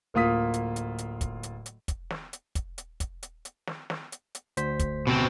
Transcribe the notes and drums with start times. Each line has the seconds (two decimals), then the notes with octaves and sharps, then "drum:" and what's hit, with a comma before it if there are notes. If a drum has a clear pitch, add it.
0.14 D1 A#3 F4 D#6 B6
0.54 drum: hi-hat
0.76 drum: hi-hat
0.98 drum: hi-hat
1.21 drum: kick, hi-hat
1.43 drum: hi-hat
1.66 drum: hi-hat
1.88 drum: kick, hi-hat
2.10 drum: snare
2.33 drum: hi-hat
2.55 drum: kick, hi-hat
2.78 drum: hi-hat
3.00 drum: kick, hi-hat
3.23 drum: hi-hat
3.45 drum: hi-hat
3.67 drum: snare
3.90 drum: snare
4.12 drum: hi-hat
4.35 drum: hi-hat
4.57 D2 C5 B6, drum: hi-hat
4.79 drum: kick, hi-hat
5.07 B2 C4